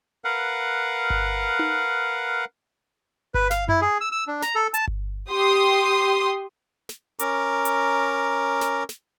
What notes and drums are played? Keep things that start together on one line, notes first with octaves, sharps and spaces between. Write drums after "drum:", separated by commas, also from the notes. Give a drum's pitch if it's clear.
A#4 B4 F5 F#5
drum: kick G1
drum: tom D#4
B4, drum: kick G1
F5, drum: snare
E4, drum: tom F#2
G#4
E6
E6
D4
A#5, drum: snare
A4
A5, drum: hi-hat
drum: kick G1
G4 C6 D#6
drum: snare
C#4 A#4 A#5 D6, drum: hi-hat
drum: hi-hat
drum: snare
drum: snare